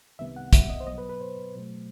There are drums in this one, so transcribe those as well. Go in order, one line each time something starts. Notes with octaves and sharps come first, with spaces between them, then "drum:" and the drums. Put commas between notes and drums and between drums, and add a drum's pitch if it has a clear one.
C2 C3 D#3 G3 B3 E5
F#5
E5, drum: kick, hi-hat
D#5
C5
B2 F#3 B3 D#5
B4
B4
C5
B2 F#3 A3